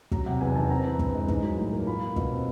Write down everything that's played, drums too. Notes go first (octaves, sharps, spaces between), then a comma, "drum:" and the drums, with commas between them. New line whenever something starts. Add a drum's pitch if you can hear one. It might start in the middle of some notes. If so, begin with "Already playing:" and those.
F#3 A#5, drum: kick
C3 F#5
E2 G#5
D#3 A5
C4 A#5
E3
G2, drum: kick
G#3
D#4, drum: kick
F#3
A2
A#3
F4 B5
G3
B2, drum: kick
C4